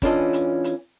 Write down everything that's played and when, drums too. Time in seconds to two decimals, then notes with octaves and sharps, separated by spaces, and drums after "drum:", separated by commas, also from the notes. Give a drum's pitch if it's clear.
0.02 E3 C#4 D4 F4 A4 D#5, drum: kick, hi-hat
0.33 drum: hi-hat
0.64 drum: hi-hat